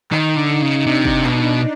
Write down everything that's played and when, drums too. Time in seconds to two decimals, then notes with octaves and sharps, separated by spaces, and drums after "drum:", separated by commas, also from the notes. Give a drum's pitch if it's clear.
0.11 D#3 D#4, drum: clap
0.36 D3
0.62 C#3
0.86 C3 D4
1.05 drum: kick
1.24 B2, drum: clap